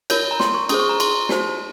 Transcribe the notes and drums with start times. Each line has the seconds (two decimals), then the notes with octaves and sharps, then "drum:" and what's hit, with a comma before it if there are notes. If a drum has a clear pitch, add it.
0.10 F4 A#4 C#5, drum: cymbal
0.31 A#5
0.40 C6, drum: snare
0.55 C#6
0.69 C#4 G#4 C5 D#6, drum: cymbal
0.80 C#6
0.89 A#5
1.00 C6, drum: cymbal
1.29 D#4 F#4 C5, drum: snare